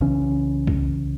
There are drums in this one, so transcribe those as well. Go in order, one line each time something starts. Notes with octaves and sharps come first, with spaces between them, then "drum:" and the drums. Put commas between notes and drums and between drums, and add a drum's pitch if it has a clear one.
C2 C#3 E3 C#4
drum: kick